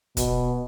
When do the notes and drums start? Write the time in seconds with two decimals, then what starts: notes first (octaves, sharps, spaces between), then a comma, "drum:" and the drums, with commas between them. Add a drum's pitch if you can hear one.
0.17 B2, drum: kick, hi-hat